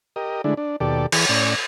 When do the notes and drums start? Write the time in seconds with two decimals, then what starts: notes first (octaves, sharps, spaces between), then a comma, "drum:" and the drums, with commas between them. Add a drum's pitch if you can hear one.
0.16 G4 A#4 D#5
0.44 D3 G#3 A3 D4 E4
0.57 D4
0.80 D#2 B2 G4 A4 D5
1.12 E3 G#4, drum: cymbal
1.29 A2 C#4 D5